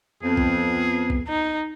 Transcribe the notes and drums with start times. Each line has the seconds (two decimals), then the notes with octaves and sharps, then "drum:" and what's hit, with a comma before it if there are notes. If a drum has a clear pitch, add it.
0.23 F2 B3 G#4
0.37 drum: kick
1.10 drum: kick
1.28 D#4